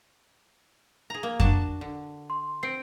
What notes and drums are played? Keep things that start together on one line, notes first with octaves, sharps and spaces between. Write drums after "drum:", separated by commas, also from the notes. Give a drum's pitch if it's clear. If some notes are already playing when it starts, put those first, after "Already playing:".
G#4 A#5
A#3
D4 F#4 A5, drum: kick F2
D3
C6
C4 C7 D7